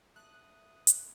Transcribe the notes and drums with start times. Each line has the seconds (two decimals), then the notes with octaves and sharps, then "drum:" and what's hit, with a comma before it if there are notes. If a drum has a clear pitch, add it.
0.16 A3 D#6 F#6
0.87 drum: hi-hat